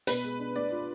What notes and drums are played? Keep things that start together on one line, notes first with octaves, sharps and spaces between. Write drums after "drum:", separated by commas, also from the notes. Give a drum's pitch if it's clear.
B2 B4, drum: open hi-hat
G#3
D4
D4 D5
F4